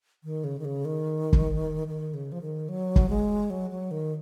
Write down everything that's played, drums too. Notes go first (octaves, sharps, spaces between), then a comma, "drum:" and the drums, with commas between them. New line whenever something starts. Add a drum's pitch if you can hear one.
D#3
C#3
D#3
C#3
D#3
drum: kick
D#3
C#3
F3
D#3
F#3
drum: kick
G#3
F#3
F#3
D#3